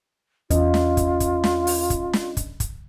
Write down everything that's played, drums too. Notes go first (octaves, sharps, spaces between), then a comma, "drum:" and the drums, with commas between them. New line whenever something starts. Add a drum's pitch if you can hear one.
E2 C#4 F4 D#5, drum: kick, hi-hat
drum: snare
drum: kick, hi-hat
drum: kick, hi-hat
drum: snare
drum: open hi-hat
drum: kick, hi-hat
drum: snare
drum: kick, hi-hat
drum: kick, hi-hat